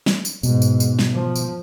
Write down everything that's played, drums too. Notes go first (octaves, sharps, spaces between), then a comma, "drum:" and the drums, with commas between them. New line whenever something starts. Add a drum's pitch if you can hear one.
drum: snare
drum: tambourine
G#2 B2, drum: tambourine
drum: tambourine
drum: tambourine
drum: snare
F3
drum: tambourine